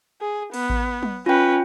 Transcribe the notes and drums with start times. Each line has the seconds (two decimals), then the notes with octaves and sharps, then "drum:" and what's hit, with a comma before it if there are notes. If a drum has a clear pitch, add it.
0.21 G#4
0.54 B3, drum: cymbal
0.70 drum: kick A1
1.03 drum: tom F#3
1.26 C#4 F4 B4 G5